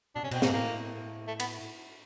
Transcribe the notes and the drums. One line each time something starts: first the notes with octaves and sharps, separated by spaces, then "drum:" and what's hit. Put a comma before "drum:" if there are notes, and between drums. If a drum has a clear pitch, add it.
B2 D4
C3 C#4
B2 C4, drum: cymbal
G#2 A#3, drum: snare
A2 A#3
A3
B3, drum: cymbal